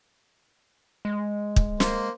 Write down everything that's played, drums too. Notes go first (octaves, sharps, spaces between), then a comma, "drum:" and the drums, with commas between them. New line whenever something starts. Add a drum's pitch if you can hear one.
G#3
drum: kick
A#3 C5, drum: snare